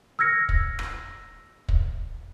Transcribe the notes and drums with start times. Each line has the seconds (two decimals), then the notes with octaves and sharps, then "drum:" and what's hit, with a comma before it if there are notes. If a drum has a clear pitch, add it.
0.19 E6 F6 G#6 A#6 C#7
0.49 drum: kick
0.79 drum: rim click
1.68 drum: kick